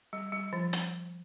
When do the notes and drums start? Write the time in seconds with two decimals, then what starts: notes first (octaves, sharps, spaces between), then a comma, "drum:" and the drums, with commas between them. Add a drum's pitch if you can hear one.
0.13 G3
0.32 G3
0.53 F3
0.73 drum: hi-hat